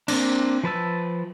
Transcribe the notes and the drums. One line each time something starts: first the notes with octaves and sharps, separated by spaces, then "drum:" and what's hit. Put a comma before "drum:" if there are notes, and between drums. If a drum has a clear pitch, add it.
A#3 C4 D4, drum: cymbal
F3 B4 A5 E6